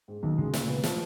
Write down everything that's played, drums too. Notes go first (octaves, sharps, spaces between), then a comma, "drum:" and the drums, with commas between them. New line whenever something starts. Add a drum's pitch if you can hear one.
G#2
B1 D#3
C#3 G#3
A#2, drum: snare
B3
F3, drum: snare